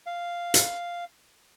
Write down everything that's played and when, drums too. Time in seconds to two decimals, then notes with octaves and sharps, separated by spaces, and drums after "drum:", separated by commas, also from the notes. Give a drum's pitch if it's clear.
0.06 F5
0.54 drum: hi-hat